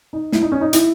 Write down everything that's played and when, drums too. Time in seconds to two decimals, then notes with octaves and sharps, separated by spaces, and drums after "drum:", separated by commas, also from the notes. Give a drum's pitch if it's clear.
0.13 D#4
0.32 E4, drum: snare
0.42 D#4
0.52 C#4
0.61 D#4
0.73 E4, drum: hi-hat